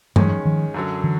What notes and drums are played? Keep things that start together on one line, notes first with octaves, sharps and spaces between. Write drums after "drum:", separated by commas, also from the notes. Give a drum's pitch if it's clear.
D#3 E3 F#3 G#3 C#4, drum: tom G2
D#3 F3
F#2 D3 F#3
D3 E3